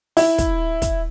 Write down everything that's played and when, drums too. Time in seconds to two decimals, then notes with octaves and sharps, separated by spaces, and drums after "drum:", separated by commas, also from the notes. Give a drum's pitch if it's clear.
0.17 E4, drum: open hi-hat
0.38 drum: kick, hi-hat
0.82 drum: kick, hi-hat